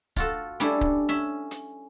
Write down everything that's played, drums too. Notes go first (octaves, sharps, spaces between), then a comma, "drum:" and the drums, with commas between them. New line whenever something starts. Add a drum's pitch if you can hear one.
F4 F#4 A4, drum: kick C#1
G3 C#4 D4 E4 A4
drum: kick C#1
C#4 E5
drum: hi-hat